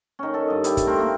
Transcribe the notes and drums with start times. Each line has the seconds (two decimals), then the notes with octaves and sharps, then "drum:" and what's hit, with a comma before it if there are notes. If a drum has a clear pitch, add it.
0.19 D#3 C#4
0.34 A4
0.48 G2 D#5
0.64 E4 G4, drum: hi-hat
0.77 drum: kick, hi-hat
0.86 A3 C4 A#4
1.00 A#3